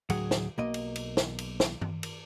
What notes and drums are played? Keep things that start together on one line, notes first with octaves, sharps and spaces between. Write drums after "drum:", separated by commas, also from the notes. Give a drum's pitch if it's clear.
D2 A2 F#3 G#4 F#5, drum: cymbal
drum: snare
B1 A#3 D#5
drum: cymbal
drum: cymbal
drum: snare
drum: cymbal
drum: snare
drum: tom G2
drum: cymbal